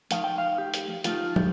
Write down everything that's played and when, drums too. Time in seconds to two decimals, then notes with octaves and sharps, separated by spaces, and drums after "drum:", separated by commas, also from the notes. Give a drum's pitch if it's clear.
0.11 F3 A3 D#4 F5, drum: hi-hat
0.24 G5
0.38 F5
0.58 G4
0.74 drum: hi-hat
1.04 F3 A3 D#4 F4, drum: hi-hat
1.36 G4, drum: tom